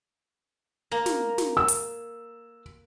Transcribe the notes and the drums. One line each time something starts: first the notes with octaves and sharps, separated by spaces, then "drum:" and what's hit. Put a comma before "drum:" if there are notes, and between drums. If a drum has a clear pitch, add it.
A#3 A#5
drum: snare
drum: snare
E6
drum: hi-hat